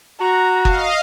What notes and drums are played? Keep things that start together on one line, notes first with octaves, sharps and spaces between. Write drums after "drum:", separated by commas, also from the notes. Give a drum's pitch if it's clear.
F#4 A#5
D#5 F5, drum: kick F#1